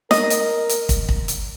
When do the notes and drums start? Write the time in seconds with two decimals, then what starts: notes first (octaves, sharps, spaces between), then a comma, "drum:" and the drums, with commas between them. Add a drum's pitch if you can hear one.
0.11 A#4 D#5, drum: snare
0.30 drum: hi-hat
0.69 drum: hi-hat
0.89 drum: kick, hi-hat
1.09 drum: kick
1.28 drum: hi-hat